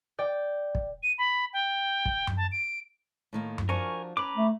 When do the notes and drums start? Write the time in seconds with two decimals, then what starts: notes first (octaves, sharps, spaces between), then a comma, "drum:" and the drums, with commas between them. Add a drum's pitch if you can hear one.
0.19 D5 G5
0.75 drum: kick
1.03 D#7
1.18 B5
1.53 G5
2.05 drum: kick
2.27 drum: tom F#2
2.37 A5
2.52 D7
3.33 A2 D#3 A#3
3.58 drum: tom F#2
3.69 F3 D4 F#4 A#4 G#5 C#6
4.17 C#4 B4 A#5 B5 D6
4.36 A3